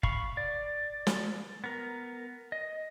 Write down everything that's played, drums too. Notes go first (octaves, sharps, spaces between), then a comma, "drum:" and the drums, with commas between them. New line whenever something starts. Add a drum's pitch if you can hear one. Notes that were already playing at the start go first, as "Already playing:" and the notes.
F5 B5 C#6, drum: kick
D5
drum: snare
B3 A#4
D#5